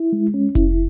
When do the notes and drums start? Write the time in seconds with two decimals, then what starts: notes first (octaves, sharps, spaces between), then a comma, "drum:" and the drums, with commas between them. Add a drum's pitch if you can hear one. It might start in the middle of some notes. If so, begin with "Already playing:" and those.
Already playing: E4
0.13 G#3
0.34 C#4
0.55 E4, drum: kick F1, hi-hat